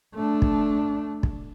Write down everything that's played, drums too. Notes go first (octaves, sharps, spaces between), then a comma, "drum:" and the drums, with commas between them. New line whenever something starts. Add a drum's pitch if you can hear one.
A3 D4
drum: kick
drum: kick